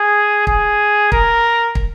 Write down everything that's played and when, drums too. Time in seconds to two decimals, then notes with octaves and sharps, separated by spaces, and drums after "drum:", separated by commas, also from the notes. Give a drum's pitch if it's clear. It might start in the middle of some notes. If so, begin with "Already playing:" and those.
Already playing: G#4
0.47 G#4, drum: kick
1.12 A#4, drum: kick
1.75 drum: kick